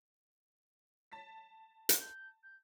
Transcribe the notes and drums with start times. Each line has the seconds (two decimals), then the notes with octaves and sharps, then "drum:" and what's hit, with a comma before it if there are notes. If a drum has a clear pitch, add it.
1.12 A5 A6 B6
1.89 drum: hi-hat
1.99 G6
2.43 G6